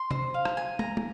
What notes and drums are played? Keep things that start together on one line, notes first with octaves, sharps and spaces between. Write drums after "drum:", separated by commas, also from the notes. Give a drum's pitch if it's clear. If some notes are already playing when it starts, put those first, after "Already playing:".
Already playing: C6
C5, drum: tom C3
F5
drum: rim click
G#5
A#5, drum: tom
drum: tom